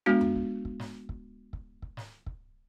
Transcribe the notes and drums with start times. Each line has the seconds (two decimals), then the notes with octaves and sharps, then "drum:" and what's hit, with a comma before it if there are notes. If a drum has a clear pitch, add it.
0.06 G#3 B3 D4 F#4
0.21 drum: tom F2
0.36 drum: kick
0.65 drum: kick
0.80 drum: snare
1.09 drum: kick
1.53 drum: kick
1.82 drum: kick
1.97 drum: snare
2.26 drum: kick